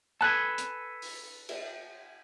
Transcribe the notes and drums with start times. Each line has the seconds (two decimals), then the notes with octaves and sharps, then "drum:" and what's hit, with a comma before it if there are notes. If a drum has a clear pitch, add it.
0.21 A4 B4 G#5 A5 F#6
0.58 drum: hi-hat
1.02 drum: open hi-hat
1.49 drum: cymbal